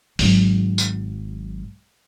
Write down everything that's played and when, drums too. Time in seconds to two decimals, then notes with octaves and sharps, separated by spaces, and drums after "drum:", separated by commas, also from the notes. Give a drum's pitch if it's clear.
0.19 G#1 F#3, drum: open hi-hat
0.78 drum: tambourine